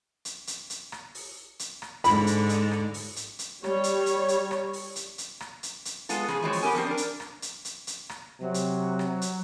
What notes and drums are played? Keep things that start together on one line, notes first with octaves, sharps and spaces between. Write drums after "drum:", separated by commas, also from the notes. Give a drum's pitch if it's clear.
drum: hi-hat
drum: hi-hat
drum: hi-hat
drum: rim click
drum: open hi-hat
drum: hi-hat
drum: rim click
G#2 D3 B5, drum: hi-hat
drum: hi-hat
drum: hi-hat
drum: rim click
drum: open hi-hat
drum: hi-hat
drum: hi-hat
G3 C#5, drum: rim click
drum: hi-hat
drum: hi-hat
drum: hi-hat
drum: rim click
drum: open hi-hat
drum: hi-hat
drum: hi-hat
drum: rim click
drum: hi-hat
drum: hi-hat
G#3 B3 F4 A4, drum: hi-hat
C#3 F3 G#4, drum: rim click
E3 F3 G#3 C4 F#4 C#5
drum: open hi-hat
B3 G4 A#4 G#5
F3 G3 C4 C5
D4 A#4
drum: hi-hat
drum: rim click
drum: hi-hat
drum: hi-hat
drum: hi-hat
drum: rim click
C3 F#3
drum: hi-hat
drum: rim click
drum: hi-hat